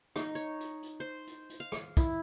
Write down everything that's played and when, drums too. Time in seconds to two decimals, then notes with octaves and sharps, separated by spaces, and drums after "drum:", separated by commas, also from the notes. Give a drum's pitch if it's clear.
0.16 D#4, drum: rim click
0.35 C#5, drum: hi-hat
0.60 drum: hi-hat
0.83 drum: hi-hat
1.00 C5
1.27 drum: hi-hat
1.50 drum: hi-hat
1.60 F5
1.72 drum: rim click
1.97 E4, drum: kick, hi-hat